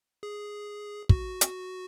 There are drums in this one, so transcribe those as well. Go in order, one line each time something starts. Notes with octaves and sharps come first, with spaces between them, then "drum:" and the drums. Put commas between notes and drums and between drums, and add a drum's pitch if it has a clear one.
G#4
F#4, drum: kick
drum: hi-hat